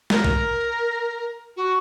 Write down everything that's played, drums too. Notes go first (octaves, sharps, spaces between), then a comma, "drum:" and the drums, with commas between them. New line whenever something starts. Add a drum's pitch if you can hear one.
A#4, drum: snare
drum: kick
F#4